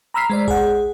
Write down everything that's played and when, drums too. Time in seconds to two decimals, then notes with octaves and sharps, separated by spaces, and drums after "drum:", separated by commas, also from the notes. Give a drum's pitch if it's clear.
0.14 A#5 B5 E6 F6 B6 C7
0.30 G#3 C5 D5
0.48 G#4 F#5, drum: kick